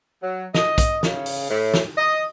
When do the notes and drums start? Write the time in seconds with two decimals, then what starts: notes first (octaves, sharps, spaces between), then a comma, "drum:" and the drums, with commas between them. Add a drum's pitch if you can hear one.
0.23 F#3
0.55 D#5, drum: snare
0.78 drum: kick, hi-hat
1.03 C#3, drum: snare
1.26 drum: open hi-hat
1.50 A2
1.74 drum: snare
1.97 D#5